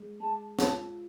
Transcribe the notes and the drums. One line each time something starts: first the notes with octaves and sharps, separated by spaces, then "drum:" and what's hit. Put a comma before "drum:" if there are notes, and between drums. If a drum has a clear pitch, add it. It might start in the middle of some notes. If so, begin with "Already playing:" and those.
Already playing: G#3
G#3 A5
F4 A5, drum: snare